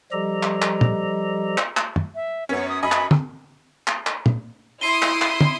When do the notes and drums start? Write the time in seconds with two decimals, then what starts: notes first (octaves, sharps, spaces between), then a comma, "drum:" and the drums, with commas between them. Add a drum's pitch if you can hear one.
0.12 F3 G3 G4 A4 D#5 A#5
0.43 drum: clap
0.62 drum: clap
0.81 drum: tom
1.58 drum: clap
1.77 drum: clap
1.96 drum: tom
2.15 E5
2.49 F#2 B3 C#4 C#5
2.69 D#6
2.83 F#2 D#5 G#5 B5
2.92 drum: clap
3.11 drum: tom
3.87 drum: clap
4.07 drum: clap
4.26 drum: tom
4.81 E4 C6 D#6 C7 D#7 G7
5.02 drum: clap
5.21 drum: clap
5.41 drum: tom